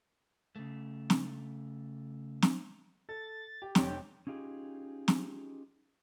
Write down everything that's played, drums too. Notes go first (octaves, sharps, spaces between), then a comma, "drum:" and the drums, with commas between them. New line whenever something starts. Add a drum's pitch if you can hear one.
C#3 A3
drum: snare
drum: snare
A4 A6
G4
F1 D3 G4 C#5, drum: snare
C#4 D#4 F4 G4 G#4
drum: snare